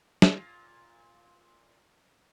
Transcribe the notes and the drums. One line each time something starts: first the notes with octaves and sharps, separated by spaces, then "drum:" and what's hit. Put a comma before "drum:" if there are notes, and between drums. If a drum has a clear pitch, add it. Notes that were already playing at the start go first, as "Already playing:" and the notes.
A#2 F4, drum: snare